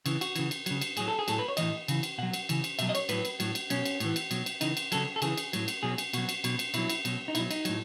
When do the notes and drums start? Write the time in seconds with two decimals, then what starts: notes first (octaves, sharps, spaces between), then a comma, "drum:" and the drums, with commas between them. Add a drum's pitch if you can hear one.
0.06 C#3 E3, drum: cymbal
0.21 F#4, drum: cymbal
0.36 C#3 E3, drum: cymbal
0.51 drum: cymbal
0.66 C#3 F#3, drum: cymbal
0.81 drum: cymbal
0.97 A2 F#3 G#4, drum: cymbal
1.08 A4
1.19 G#4
1.28 A2 F#3 A4, drum: cymbal
1.39 B4
1.48 C#5
1.57 A2 E3 D#5, drum: cymbal
1.88 C#3 E3, drum: cymbal
2.03 drum: cymbal
2.18 B2 F#3 F#5
2.33 drum: cymbal
2.49 C#3 E3, drum: cymbal
2.64 drum: cymbal
2.79 B2 F#3 E5, drum: cymbal
2.89 D#5
2.95 C#5, drum: cymbal
3.09 A2 F#3 B4, drum: cymbal
3.25 drum: cymbal
3.40 A2 F#3, drum: cymbal
3.55 drum: cymbal
3.70 B2 F#3 C#4, drum: cymbal
3.85 drum: cymbal
4.00 A2 E3, drum: cymbal
4.16 drum: cymbal
4.31 B2 F#3, drum: cymbal
4.46 drum: cymbal
4.61 C#3 E3 D#4, drum: cymbal
4.77 drum: cymbal
4.92 C#3 F#3 A4, drum: cymbal
5.16 A4
5.22 C#3 E3 G#4, drum: cymbal
5.37 drum: cymbal
5.53 A2 F#3, drum: cymbal
5.68 drum: cymbal
5.83 B2 F#3 G#4
5.98 drum: cymbal
6.13 B2 F#3 F#4, drum: cymbal
6.29 drum: cymbal
6.44 B2 F#3, drum: cymbal
6.59 drum: cymbal
6.74 B2 F#3 E4, drum: cymbal
6.90 drum: cymbal
7.05 B2 F#3, drum: cymbal
7.28 D#4
7.35 B2 F#3 E4, drum: cymbal
7.51 D#4, drum: cymbal
7.65 A2 F#3, drum: cymbal